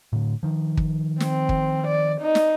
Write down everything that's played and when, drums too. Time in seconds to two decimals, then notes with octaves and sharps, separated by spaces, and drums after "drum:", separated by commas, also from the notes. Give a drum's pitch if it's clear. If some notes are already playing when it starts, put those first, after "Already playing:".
0.13 A2 D3
0.43 D#3 F3
0.77 drum: kick
1.20 C4, drum: snare
1.49 drum: kick
1.87 D5
2.21 D#4
2.35 drum: snare